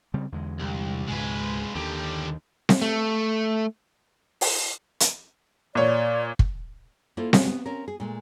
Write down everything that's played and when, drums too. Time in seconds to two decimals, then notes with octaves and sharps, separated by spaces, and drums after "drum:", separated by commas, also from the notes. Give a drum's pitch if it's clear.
0.14 C#3 G3 C4
0.32 E2 D3 G#3
0.60 C2
1.08 C#2 G#2 B2 G#3 B4
1.75 D#2 D3 D#3 G3
2.69 drum: snare C4
2.82 A3
4.41 drum: open hi-hat
5.00 drum: hi-hat
5.75 A#2 C#5 D5
6.39 drum: kick
7.17 A#3 E4 F4 A4 C5
7.33 F#3 G#3 B3 C#4, drum: snare C4
7.47 B3
7.66 C4 C#4 A#4
7.88 G#4
8.00 A#2 G#3 A3